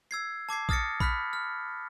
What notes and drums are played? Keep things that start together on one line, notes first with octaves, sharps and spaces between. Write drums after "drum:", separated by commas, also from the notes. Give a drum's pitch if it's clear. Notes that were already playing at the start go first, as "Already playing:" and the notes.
E6 G#6 C7
A5 D6 G#6 C7
D#6 F6 A6 A#6 C#7, drum: kick A#1
B5 F6 F#6 B6, drum: kick A#1
F6